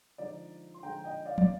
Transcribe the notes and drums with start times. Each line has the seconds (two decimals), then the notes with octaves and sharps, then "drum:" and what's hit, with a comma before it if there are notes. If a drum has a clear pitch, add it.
0.18 D3 F3 G#3 D#4 D5
0.74 C6
0.83 D3 F3 G#3 D#4 G5 A#5
1.04 D#5 G5
1.26 D5 F5
1.38 D5, drum: tom